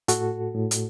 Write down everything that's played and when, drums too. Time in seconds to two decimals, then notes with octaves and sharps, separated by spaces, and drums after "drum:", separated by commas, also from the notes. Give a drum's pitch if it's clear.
0.08 A2 F#4 A4, drum: hi-hat
0.55 A2
0.71 drum: hi-hat